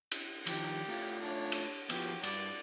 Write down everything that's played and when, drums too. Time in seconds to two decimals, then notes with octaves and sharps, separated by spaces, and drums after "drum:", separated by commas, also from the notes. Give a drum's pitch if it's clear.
0.11 drum: cymbal
0.47 D#3 F3 G4, drum: cymbal
0.88 A3 F4
1.22 D4 C#5
1.52 drum: cymbal
1.90 F3 B3 F#4 G4, drum: cymbal
2.23 G2 D5, drum: cymbal